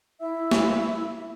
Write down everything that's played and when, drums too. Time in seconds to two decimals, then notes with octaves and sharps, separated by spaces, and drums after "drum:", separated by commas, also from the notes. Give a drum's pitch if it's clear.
0.20 E4 E5 E6
0.51 drum: snare